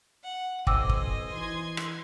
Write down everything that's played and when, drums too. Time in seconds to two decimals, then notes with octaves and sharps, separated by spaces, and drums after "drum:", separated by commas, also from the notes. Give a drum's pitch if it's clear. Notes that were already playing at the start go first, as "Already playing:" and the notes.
0.24 F#5
0.67 B1 C5 D#5 G5 G#5 D6 E6, drum: kick
0.90 drum: kick
1.33 E3 C6 G#6
1.77 drum: rim click